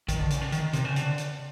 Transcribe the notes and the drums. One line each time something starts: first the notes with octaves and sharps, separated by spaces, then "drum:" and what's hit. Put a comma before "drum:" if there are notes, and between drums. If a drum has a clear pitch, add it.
D#3, drum: kick A#1, hi-hat
D3
C#3, drum: hi-hat
D3
D#3, drum: hi-hat
C3, drum: hi-hat
C#3
D3, drum: hi-hat
drum: hi-hat